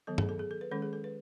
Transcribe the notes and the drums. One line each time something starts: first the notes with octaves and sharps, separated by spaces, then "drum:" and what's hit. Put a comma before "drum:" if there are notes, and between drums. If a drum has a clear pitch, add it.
D#3 F#3 B3 A4
G#4, drum: tom G2
A4
G#4
A4
B4
D#3 G#3 C#4 A4
G#4
A4
B4